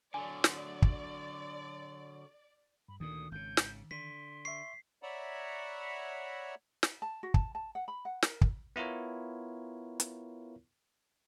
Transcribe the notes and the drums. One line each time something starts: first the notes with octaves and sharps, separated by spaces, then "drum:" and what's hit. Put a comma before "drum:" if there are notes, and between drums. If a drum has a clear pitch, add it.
D3 F#3 D5 G#5
drum: snare
drum: kick
G2 B5
D2 A#2 D#3 D#6
G#1 C#3 G6
drum: snare
D3 C6 B6
E5 C#6 C7
C#5 D5 E5 F#5 A#5 B5
drum: snare
A5
F#4
A5, drum: kick
A5
F#5
B5
F#5
A#4, drum: snare
drum: kick
B3 E4 F4 A#4 C#5
drum: hi-hat